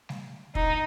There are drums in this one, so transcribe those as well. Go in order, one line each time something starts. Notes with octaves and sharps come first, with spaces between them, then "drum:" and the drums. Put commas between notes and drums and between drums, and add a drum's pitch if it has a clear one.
drum: snare
D#4, drum: kick